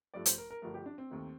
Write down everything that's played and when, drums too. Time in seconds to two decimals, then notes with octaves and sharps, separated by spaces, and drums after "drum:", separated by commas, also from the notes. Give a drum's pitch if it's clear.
0.14 G2 F3 A3 D5
0.26 C5, drum: hi-hat
0.38 A#4
0.50 A#4
0.62 G1 G2 F3 A3 A#4
0.74 G4
0.86 D4
0.98 C4
1.10 D#2 D#3 A3